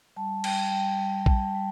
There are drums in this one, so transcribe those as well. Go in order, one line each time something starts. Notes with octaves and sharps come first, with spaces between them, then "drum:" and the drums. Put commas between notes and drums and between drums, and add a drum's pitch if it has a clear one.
G3 A5
G3 G5, drum: cymbal
G3 G5
G3
G3 A5, drum: kick A#1
G3